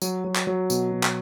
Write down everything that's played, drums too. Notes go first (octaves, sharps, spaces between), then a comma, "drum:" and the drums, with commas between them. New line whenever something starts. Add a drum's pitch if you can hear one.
F#3, drum: tambourine
F#3
drum: clap
F#3
B2, drum: tambourine
B2
drum: clap